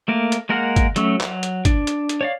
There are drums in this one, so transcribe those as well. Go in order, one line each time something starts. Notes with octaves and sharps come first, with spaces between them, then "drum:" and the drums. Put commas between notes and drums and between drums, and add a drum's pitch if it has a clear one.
A3 A#3 A#4
drum: hi-hat
G#3 A#3 A#4 F#5 F6
drum: kick, hi-hat
F#3 A3 C#4 E6, drum: hi-hat
F#3, drum: clap
drum: hi-hat
D4, drum: kick, hi-hat
drum: hi-hat
drum: hi-hat
C#5 D5 F5